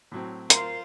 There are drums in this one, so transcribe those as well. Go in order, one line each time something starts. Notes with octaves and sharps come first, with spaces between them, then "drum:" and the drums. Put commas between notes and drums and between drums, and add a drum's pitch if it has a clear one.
A2 F#3 C4
F4 A#4 C5, drum: hi-hat